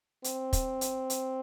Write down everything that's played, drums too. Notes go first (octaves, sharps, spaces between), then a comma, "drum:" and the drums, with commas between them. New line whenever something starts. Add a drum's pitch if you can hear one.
C4, drum: hi-hat
drum: kick, hi-hat
drum: hi-hat
drum: hi-hat